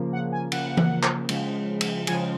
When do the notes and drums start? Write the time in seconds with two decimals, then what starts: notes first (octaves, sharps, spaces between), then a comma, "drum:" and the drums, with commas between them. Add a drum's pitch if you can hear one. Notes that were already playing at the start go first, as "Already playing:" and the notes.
Already playing: C#3 F3 A#3
0.13 F#5
0.32 G#5
0.52 C#3 F3 A#3 F#5, drum: cymbal
0.77 drum: tom E3
1.03 drum: clap
1.29 C#3 F3 G#3, drum: cymbal
1.81 drum: cymbal
2.07 C#3 F3 G#3 G#5, drum: cymbal